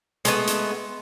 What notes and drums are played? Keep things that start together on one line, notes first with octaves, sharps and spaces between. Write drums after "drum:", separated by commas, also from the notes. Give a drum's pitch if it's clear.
G#3 A3 B3, drum: hi-hat
drum: hi-hat